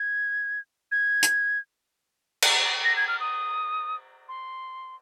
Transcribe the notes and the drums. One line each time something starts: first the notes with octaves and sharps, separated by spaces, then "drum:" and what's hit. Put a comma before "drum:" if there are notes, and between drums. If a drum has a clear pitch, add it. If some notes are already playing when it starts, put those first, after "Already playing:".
Already playing: G#6
G#6
drum: hi-hat
drum: cymbal
A#6
G#6
F6
D#6
C6